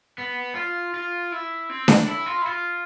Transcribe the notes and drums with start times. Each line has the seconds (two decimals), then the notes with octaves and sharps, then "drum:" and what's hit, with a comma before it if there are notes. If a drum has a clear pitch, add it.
0.18 B3
0.55 F4
0.94 F4
1.32 E4
1.70 C4
1.88 D4, drum: snare D4
2.08 E4
2.26 F4
2.41 E4
2.46 F4